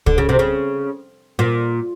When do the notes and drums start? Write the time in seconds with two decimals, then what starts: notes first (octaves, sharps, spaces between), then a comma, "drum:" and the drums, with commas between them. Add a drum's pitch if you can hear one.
0.06 D3, drum: kick
0.18 C#3
0.29 C3
0.39 C#3
1.39 A#2